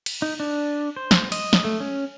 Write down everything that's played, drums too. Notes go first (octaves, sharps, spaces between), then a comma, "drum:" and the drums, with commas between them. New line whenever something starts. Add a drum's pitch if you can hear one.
drum: cymbal
D#4
D4
C5
drum: snare
D#5, drum: cymbal
drum: snare
A3
C#4